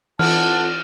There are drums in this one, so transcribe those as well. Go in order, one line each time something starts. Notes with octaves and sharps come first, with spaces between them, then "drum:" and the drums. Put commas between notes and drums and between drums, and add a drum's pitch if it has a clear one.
E3 C4 F4 A4 F#5 A5 F6, drum: cymbal